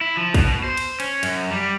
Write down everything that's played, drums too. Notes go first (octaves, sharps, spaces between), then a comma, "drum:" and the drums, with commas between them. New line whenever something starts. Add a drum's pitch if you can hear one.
E4
F3
B2, drum: kick, cymbal
C5
drum: cymbal
C#4, drum: cymbal
F#2, drum: cymbal
G3